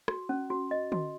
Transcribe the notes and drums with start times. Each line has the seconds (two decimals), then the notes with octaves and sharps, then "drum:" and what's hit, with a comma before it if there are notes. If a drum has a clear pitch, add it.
0.08 F#4, drum: rim click
0.29 C#4
0.50 F#4
0.71 D#5
0.92 F#4, drum: tom